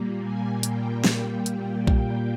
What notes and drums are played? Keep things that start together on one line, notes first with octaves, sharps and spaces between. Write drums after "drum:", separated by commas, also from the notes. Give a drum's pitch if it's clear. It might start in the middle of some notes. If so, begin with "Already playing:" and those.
Already playing: A#2 G3 A#3
G#5
G5, drum: hi-hat
G5, drum: snare
drum: hi-hat
drum: kick B1